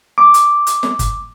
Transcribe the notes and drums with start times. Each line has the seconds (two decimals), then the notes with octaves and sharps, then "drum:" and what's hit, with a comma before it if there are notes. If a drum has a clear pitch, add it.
0.18 D6
0.34 drum: hi-hat
0.67 drum: hi-hat
0.83 drum: snare
0.99 drum: kick, hi-hat